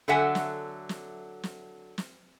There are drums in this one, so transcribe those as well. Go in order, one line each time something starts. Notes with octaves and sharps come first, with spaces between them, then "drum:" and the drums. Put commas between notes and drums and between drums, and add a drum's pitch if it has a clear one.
D3 F#3 A4 E5 F#5 G#5
drum: snare
drum: snare
drum: snare
drum: snare